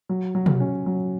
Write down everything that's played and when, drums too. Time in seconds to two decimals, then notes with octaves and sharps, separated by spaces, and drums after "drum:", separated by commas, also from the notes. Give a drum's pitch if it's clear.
0.09 F#3
0.35 F#3
0.46 drum: tom
0.60 C#4
0.86 F#3